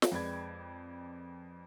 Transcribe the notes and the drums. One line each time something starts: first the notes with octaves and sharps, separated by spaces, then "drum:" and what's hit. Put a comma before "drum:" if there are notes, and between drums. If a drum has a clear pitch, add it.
drum: snare
F2 G#3 B4 D5 B5 G#6